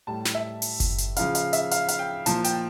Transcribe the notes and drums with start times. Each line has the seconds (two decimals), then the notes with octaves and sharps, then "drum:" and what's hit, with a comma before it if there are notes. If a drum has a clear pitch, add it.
0.07 A2 G3 A5
0.25 drum: snare
0.35 E5
0.62 drum: open hi-hat
0.80 drum: kick F#1, hi-hat
0.98 drum: hi-hat
1.16 C#3 F3 F5, drum: hi-hat
1.35 F5, drum: hi-hat
1.53 E5, drum: hi-hat
1.71 F5, drum: hi-hat
1.88 F5, drum: hi-hat
1.99 G5
2.26 A#2 F3 A5, drum: hi-hat
2.44 G5, drum: hi-hat